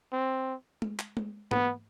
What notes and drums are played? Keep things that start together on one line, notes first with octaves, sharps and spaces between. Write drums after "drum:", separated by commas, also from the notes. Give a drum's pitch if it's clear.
C4
drum: tom G#3
drum: clap
drum: tom G#3
B3, drum: tom